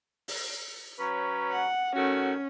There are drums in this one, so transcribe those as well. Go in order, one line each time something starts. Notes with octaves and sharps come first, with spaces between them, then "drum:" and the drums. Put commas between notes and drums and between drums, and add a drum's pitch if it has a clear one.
drum: open hi-hat
F#3 C#4 B4
F#5
D#3 A3 C#4 F#4